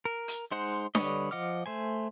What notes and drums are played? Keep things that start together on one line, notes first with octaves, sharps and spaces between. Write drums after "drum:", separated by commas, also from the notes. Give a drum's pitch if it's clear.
A#4
drum: hi-hat
G#3 D#4 C5 F#5
D3 G3 B4 C#5 D#5, drum: snare D4
F3 D#5 F#5 D6 F6
A3 C5 G#5